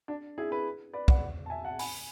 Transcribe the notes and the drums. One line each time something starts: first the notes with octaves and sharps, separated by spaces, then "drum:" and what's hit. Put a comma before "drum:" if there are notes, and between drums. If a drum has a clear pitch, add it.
D4
E4 G#4
G#4 B4
B4 D5
D5 F#5, drum: kick
A5
E5 G#5
F#5 A5
G#5 B5, drum: open hi-hat